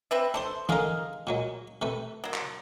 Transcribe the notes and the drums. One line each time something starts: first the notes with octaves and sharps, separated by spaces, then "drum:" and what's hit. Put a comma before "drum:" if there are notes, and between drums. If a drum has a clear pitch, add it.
C4 B4 E5
D4 A4 C5 C6
G#2 D3 G#4 A#4 D#5 F5, drum: tom E3
A#2 F#3 G#3
C3 A3 B4
F#3 A#3
drum: clap